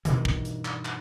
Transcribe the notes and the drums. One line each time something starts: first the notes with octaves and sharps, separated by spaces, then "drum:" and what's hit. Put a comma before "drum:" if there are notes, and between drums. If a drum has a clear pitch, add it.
G2 B2 D#3 E3, drum: hi-hat
drum: kick
drum: hi-hat
drum: clap
drum: clap